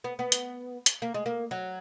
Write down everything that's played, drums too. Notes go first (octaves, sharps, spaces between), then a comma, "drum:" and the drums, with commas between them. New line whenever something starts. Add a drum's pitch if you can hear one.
B3
B3
drum: hi-hat
drum: hi-hat
A#3
G#3
A#3
F#3